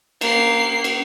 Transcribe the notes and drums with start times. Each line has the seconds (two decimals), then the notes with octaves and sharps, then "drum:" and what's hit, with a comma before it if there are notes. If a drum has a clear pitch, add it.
0.21 A#3 C7, drum: cymbal
0.84 drum: cymbal